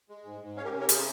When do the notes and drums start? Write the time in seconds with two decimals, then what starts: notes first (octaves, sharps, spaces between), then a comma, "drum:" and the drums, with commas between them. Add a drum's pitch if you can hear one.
0.09 G#3
0.25 G#2
0.41 G#2
0.56 C#4 C#5 F5
0.65 G4 A#4
0.73 C3
0.80 A#4 C#5
0.89 C#3 G#4 C5, drum: hi-hat